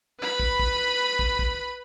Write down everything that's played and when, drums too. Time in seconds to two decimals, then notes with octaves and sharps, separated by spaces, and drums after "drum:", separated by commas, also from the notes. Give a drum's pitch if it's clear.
0.20 B4 B5
0.40 drum: kick
0.59 drum: kick
1.19 drum: kick
1.39 drum: kick